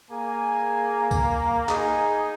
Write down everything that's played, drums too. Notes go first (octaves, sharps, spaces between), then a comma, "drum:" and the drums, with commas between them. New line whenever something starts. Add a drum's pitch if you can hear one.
A#3 G#4 G#5
drum: kick C2, tambourine
D#4 G#4, drum: clap